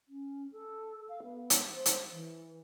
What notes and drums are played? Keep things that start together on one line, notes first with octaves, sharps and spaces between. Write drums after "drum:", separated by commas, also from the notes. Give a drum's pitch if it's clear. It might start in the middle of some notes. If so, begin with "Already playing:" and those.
C#4
A4
F5
B3
drum: hi-hat
C5
drum: hi-hat
E3